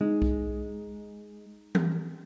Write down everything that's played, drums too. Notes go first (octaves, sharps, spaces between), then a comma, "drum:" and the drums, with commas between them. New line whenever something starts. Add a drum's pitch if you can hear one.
G#3 D#4
drum: kick B1
drum: tom E3